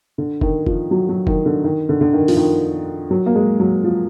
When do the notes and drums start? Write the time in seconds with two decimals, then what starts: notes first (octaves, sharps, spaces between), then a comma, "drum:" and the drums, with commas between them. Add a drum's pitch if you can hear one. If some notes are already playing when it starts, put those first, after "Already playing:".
0.18 D3
0.41 D#3, drum: kick F1
0.67 F3, drum: kick F1
0.91 F#3
1.09 F#3
1.27 D#3, drum: kick F1
1.46 D3
1.64 D#3
1.89 D3
2.01 D3
2.13 D#3
2.28 F3, drum: open hi-hat
2.37 D#3
3.11 F#3
3.26 A#3
3.35 G#3
3.60 F#3
3.84 F3